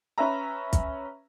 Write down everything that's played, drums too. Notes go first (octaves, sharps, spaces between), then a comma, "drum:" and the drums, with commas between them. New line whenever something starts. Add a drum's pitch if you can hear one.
C#4 B4 E5 A#5
drum: kick, hi-hat